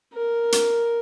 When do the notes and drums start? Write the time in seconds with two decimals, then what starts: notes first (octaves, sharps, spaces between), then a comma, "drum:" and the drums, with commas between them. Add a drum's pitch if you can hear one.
0.14 A#4
0.52 drum: hi-hat